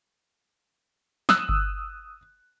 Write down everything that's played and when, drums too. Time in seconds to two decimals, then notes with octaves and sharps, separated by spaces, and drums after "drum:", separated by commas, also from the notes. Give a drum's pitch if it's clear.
1.29 D#6 E6 F#6, drum: snare
1.49 drum: kick G1